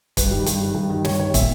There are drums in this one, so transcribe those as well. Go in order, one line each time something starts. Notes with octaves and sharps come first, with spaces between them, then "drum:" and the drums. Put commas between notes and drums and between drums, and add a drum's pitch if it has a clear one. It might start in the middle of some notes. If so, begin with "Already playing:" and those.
G2 B4, drum: kick, hi-hat
D#3 G3
G2, drum: hi-hat
D#3 G3
G2
D#3 G3
G2 C#5, drum: snare
D#3 G3 C#5
A#2 E5, drum: kick, hi-hat